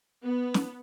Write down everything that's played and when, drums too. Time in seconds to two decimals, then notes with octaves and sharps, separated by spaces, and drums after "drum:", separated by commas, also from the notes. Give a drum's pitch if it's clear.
0.24 B3
0.54 drum: snare